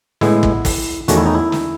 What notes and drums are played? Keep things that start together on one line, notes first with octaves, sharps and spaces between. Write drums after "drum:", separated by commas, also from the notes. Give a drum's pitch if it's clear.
A2 G#3 B3 E4, drum: snare
drum: kick
drum: kick, open hi-hat
E2 D#3 A3 C#4 F#4, drum: hi-hat
E4
D#4
E4
drum: snare